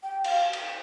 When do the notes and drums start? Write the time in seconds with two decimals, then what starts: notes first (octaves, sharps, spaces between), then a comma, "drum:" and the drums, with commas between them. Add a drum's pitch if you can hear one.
0.03 G5
0.24 F5, drum: cymbal
0.53 drum: cymbal